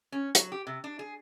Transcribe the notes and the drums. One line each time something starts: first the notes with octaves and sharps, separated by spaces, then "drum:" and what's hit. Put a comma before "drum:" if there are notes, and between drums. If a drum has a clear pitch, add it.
C#4
F#3, drum: hi-hat
G4
C3
D4
G#4